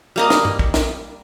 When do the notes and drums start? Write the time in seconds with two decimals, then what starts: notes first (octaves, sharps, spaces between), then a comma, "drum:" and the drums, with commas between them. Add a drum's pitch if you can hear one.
0.16 G3 A#3 D#5
0.30 drum: snare
0.45 drum: tom G2
0.59 drum: kick
0.74 drum: snare